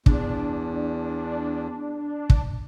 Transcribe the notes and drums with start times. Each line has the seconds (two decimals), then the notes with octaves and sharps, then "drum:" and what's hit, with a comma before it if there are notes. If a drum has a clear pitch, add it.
0.06 E2 D4, drum: kick
2.30 drum: kick